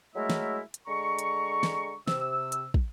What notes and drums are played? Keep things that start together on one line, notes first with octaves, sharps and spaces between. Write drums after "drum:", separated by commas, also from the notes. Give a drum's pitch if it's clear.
F#3 G#3 A3 E4 A#4 E5
drum: snare
drum: hi-hat
D3 G#3 A#5 C#6
drum: hi-hat
drum: snare
C3 E6, drum: snare
drum: hi-hat
drum: kick